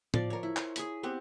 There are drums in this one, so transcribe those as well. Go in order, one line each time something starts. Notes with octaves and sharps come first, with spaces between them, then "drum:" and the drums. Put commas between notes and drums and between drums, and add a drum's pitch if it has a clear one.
F3 D5 F5, drum: tom A2
A#4 C#5
E4
C5 C#5, drum: clap
G#4 G#5 B5, drum: hi-hat
B3 C4 G4 F#5